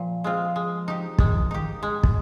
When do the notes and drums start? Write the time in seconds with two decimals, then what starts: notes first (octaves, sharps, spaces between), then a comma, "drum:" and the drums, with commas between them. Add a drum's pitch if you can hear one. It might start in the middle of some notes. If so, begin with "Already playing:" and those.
Already playing: A#2 F3
0.24 G#3 C4 F4
0.56 G#3
0.88 D#4 G4
1.19 D#3 G#3, drum: kick
1.35 F3
1.51 D#3 D#4 G4
1.83 G#3
2.03 drum: kick